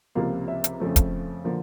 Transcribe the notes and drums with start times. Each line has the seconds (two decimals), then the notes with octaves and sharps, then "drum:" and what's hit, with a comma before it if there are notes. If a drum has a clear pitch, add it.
0.15 C#2 C3 F3 A#3 F5
0.48 E5
0.64 drum: hi-hat
0.80 F2 C#3 F3 A3
0.96 drum: kick, hi-hat
1.44 D3 F3 A#3